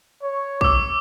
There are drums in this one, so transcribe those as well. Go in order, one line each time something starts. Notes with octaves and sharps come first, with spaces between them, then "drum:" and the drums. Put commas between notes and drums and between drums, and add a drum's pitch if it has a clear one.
C#5
D6 E6, drum: kick